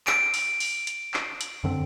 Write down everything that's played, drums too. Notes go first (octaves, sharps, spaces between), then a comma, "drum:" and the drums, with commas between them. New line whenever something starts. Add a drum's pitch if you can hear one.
D7, drum: clap
drum: open hi-hat
drum: open hi-hat
drum: hi-hat
drum: clap
drum: hi-hat
F#2 D3 C4